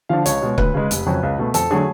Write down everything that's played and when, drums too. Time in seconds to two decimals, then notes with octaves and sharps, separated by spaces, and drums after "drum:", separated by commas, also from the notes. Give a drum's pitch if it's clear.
0.09 D3 F3 F5
0.26 C#2 C#5, drum: hi-hat
0.42 B2 G#3
0.58 D2 B4, drum: kick C#1
0.74 C#3 G#3
0.91 F1, drum: hi-hat
1.06 F2 C#3 F#3
1.23 C#2
1.38 B2 A3
1.54 F2 A4, drum: hi-hat
1.71 D3 F#3 A3 G#4